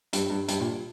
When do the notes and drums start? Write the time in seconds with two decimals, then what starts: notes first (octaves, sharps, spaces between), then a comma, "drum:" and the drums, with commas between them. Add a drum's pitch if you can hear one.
0.13 G2, drum: hi-hat
0.30 G2
0.48 G2, drum: hi-hat
0.60 A#2